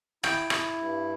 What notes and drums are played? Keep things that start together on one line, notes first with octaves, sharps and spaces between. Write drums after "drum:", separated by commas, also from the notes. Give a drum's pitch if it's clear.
E4 G5, drum: rim click
E4, drum: rim click
G2